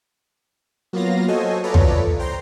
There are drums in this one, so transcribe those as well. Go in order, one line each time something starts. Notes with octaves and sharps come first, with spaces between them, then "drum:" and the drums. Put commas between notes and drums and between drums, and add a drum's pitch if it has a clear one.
F#3 A#3 B3 F4 F5 A#6
F#4 A4 C5 C#5 D#5 G#5
F4 A4 B4 C#5 D5 A#5
drum: tom
C5 G5 A#5 C6